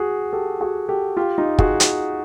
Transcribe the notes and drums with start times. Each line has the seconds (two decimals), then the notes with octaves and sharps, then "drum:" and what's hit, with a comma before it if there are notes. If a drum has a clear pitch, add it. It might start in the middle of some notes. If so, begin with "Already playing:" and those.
Already playing: F#4 G#4
0.33 G4 A4
0.61 F#4 G#4
0.89 G4 A4
1.17 F4 G4
1.38 D#4 F4
1.59 F#4 G#4, drum: kick
1.80 drum: hi-hat